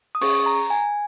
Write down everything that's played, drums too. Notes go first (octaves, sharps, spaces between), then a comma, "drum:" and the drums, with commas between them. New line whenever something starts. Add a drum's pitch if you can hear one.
D#6
C#4 G#4 C#6, drum: open hi-hat
A#5
G#5